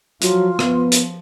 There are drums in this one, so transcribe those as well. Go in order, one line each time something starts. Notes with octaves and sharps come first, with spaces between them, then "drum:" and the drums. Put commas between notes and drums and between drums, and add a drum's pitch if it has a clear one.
F3 F#3 F4, drum: hi-hat
F3 B3, drum: rim click
drum: hi-hat